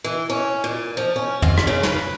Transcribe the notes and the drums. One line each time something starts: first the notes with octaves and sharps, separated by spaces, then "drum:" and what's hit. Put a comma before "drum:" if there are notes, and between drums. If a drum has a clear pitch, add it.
E3
C#4
A#2
F3
C#4
F4, drum: tom
drum: rim click
C#3
B4, drum: snare